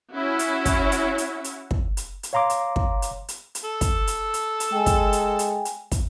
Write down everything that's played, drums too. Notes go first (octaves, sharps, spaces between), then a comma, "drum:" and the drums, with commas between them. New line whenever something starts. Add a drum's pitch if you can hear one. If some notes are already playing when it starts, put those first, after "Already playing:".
C#4 E4 F#4 C#5
drum: hi-hat
drum: kick, hi-hat
drum: hi-hat
drum: hi-hat
drum: hi-hat
drum: kick
drum: hi-hat
drum: hi-hat
C#5 F5 A#5 C6 D6
drum: hi-hat
drum: kick
drum: hi-hat
drum: hi-hat
drum: hi-hat
A4
drum: kick, hi-hat
drum: hi-hat
drum: hi-hat
drum: hi-hat
G#3 G5 G#5
drum: kick, hi-hat
drum: hi-hat
drum: hi-hat
drum: hi-hat
drum: kick, hi-hat